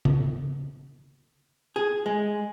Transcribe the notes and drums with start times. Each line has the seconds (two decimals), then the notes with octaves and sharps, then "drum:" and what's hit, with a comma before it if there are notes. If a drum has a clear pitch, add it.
0.05 drum: tom C#3
1.76 G#4
2.06 G#3